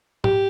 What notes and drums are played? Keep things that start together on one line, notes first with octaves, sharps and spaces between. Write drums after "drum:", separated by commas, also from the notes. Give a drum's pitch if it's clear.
G4, drum: tom